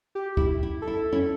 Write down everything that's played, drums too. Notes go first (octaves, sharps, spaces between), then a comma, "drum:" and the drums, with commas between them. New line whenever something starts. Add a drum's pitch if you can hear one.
G4
E4, drum: kick
E4
A4
E4
C#4 E4